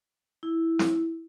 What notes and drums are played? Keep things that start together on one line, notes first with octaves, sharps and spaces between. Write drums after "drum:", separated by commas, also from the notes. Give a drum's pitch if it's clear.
E4
drum: snare